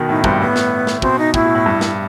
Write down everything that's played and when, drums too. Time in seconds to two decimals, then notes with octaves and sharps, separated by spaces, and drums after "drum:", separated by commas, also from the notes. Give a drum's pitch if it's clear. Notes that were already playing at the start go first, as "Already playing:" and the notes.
Already playing: B2 D#3
0.09 A2 D#4
0.24 G2 C4, drum: kick
0.40 A2 B3
0.56 drum: snare
0.87 drum: snare
1.02 B2 C4, drum: kick
1.19 D#4
1.34 A2 E4, drum: kick
1.45 B2
1.55 A2
1.66 G2
1.81 drum: snare